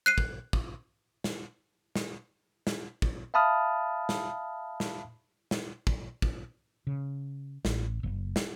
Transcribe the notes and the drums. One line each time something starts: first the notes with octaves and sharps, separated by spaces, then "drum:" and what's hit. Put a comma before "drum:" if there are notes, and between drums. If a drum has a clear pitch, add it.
F#6 C7 D#7
drum: kick
drum: kick
drum: snare
drum: snare
drum: snare
drum: kick
E5 F5 A5 B5 D#6 F6
drum: snare
drum: snare
drum: snare
drum: kick
drum: kick
C#3
A1, drum: snare
F#1
drum: snare